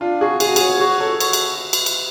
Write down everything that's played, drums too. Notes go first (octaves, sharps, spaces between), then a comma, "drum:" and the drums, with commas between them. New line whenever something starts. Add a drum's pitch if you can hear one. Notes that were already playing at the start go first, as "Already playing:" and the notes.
D4 F4
F#4 G#4
G#4 G#5, drum: cymbal
F#4
G#4 C#5, drum: cymbal
F#4 G#4
A4 C#5
F#4, drum: cymbal
drum: cymbal
drum: cymbal
drum: cymbal